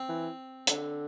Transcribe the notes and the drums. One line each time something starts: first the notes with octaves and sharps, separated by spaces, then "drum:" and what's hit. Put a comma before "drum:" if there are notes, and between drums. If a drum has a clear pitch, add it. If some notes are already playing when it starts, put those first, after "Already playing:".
Already playing: C4
E3
D3, drum: hi-hat